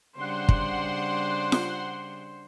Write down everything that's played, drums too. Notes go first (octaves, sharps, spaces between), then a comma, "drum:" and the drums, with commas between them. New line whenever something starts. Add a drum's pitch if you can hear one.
C#3 G3 D4 C5 F#5 C6
drum: kick
drum: snare F4